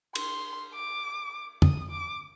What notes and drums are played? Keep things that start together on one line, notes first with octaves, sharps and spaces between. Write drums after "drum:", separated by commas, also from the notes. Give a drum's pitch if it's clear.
C6, drum: cymbal
D6
D#6, drum: tom
D6